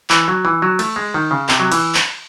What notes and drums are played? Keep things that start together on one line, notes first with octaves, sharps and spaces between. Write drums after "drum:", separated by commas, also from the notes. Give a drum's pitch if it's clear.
E3, drum: clap
F#3
E3
F#3
A3, drum: cymbal
G#3
D#3
C#3
C3, drum: clap
F#3
E3, drum: cymbal
drum: clap